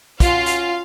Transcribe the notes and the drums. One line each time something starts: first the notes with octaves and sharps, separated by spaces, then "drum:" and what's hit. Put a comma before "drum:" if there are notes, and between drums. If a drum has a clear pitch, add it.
C#4 F4 F#4 F5, drum: kick, hi-hat
drum: hi-hat